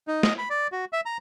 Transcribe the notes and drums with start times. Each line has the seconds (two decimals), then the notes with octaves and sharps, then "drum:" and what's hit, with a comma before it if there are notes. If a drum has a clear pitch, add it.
0.08 D#4
0.23 D#5, drum: snare
0.38 B5
0.50 D5
0.72 F#4
0.93 E5
1.06 A#5